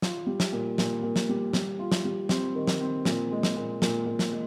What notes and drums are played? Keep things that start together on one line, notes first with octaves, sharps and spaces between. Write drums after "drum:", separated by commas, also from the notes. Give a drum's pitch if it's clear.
F4, drum: snare
G3
drum: snare
A#2
A#2, drum: snare
A#2
drum: snare
G3
G3, drum: snare
F4
drum: snare
G3
C4, drum: snare
D#3
drum: snare
C4
A#2, drum: snare
G#3
drum: snare
A#2
A#2, drum: snare
A#2
drum: snare
G#3